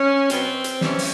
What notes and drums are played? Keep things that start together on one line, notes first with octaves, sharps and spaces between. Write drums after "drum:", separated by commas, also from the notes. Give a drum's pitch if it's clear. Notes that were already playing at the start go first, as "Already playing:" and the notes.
Already playing: C#4
B2 F#3 B3 C4, drum: hi-hat
drum: hi-hat
C3 E3 G3 C4 C#4, drum: snare
drum: open hi-hat